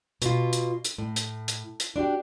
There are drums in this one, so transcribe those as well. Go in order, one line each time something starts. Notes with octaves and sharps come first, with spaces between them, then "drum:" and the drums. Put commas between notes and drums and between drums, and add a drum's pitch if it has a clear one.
B2 F4, drum: hi-hat
drum: hi-hat
drum: hi-hat
A2
drum: hi-hat
drum: hi-hat
drum: hi-hat
D4 E4 F#4 G4